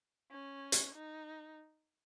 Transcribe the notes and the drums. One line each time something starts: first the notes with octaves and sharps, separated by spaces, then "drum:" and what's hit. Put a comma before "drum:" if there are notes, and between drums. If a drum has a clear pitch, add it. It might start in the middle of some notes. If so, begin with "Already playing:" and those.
C#4
drum: hi-hat
D#4